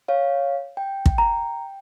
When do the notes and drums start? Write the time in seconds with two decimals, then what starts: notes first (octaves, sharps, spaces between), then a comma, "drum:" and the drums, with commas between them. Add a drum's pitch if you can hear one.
0.08 C#5 F5
0.77 G5
1.06 drum: kick
1.18 A#5